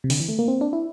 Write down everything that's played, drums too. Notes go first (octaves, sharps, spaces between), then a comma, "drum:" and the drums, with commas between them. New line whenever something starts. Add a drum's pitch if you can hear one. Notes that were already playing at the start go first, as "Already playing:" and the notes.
C3
D3, drum: open hi-hat
E3
A3
A#3
C4
D4
E4